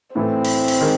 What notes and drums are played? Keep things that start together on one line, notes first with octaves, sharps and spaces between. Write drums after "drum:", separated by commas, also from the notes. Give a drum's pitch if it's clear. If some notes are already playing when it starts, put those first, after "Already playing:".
A2 E3 A3 C4
drum: cymbal
drum: cymbal
D#3 G#3